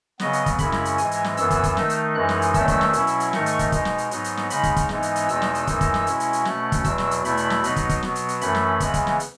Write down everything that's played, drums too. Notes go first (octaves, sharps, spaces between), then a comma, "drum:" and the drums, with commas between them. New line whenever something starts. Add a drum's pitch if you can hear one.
C#3 F#3 B3 D#5, drum: snare
drum: hi-hat
drum: kick, hi-hat
F#2 C#3 G#3 C#4 E4 B5, drum: kick, hi-hat
drum: snare
drum: hi-hat
G#2 E3 G#3 G#5, drum: hi-hat
drum: hi-hat
drum: snare
F#2 E3 B3 E6, drum: hi-hat
drum: kick, hi-hat
drum: kick, hi-hat
D#3 A3 D#4, drum: snare
drum: hi-hat
F#2 E3 G#3 D#4 F#6
drum: snare
drum: hi-hat
E2 D#3 F#3 A3 C#4 E6, drum: kick, hi-hat
drum: kick, hi-hat
drum: snare
B2 F#3 C#4 E4, drum: hi-hat
drum: hi-hat
drum: hi-hat
G#2 D#3 A3 D#4 C#6, drum: snare
drum: hi-hat
drum: kick, hi-hat
B2 G#3 D#4, drum: kick, hi-hat
drum: snare
drum: hi-hat
G#2 F#3 B3 D#4, drum: hi-hat
drum: hi-hat
drum: snare
C#3 G#3 D#4 B5, drum: hi-hat
drum: kick, hi-hat
drum: kick, hi-hat
G#2 E3 G#3 B3 D#4, drum: snare
drum: hi-hat
drum: hi-hat
E2 B2 G#3 B3 D#4 E6, drum: hi-hat
drum: snare
drum: hi-hat
F#2 E3 G#3 D#4, drum: kick, hi-hat
drum: kick, hi-hat
drum: snare
B2 G#3 C#4 E4, drum: hi-hat
drum: hi-hat
drum: hi-hat
B2 A3 C#4 F#6, drum: snare
drum: kick, hi-hat
E2 B2 F#3 E6, drum: kick, hi-hat
drum: snare
drum: hi-hat
E2 B2 A3 E4 B5, drum: hi-hat
drum: hi-hat
drum: snare
B2 F#3 B3 D#4, drum: hi-hat
drum: kick, hi-hat
drum: kick, hi-hat
B2 F#3 B3, drum: snare
drum: hi-hat
drum: hi-hat
F#2 E3 A3 C#4 B5, drum: hi-hat
drum: snare
C#3 E3 G#3 B3, drum: kick, hi-hat
drum: kick, hi-hat
drum: snare
drum: hi-hat